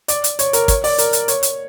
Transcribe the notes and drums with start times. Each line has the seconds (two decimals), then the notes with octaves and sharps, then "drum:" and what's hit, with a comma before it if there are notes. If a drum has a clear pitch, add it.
0.08 D5, drum: hi-hat
0.24 drum: hi-hat
0.39 C#5, drum: hi-hat
0.53 A#4, drum: hi-hat
0.68 C#5, drum: kick, hi-hat
0.84 D5, drum: open hi-hat
0.98 A#4, drum: hi-hat
1.13 drum: hi-hat
1.28 C#5, drum: hi-hat
1.43 drum: hi-hat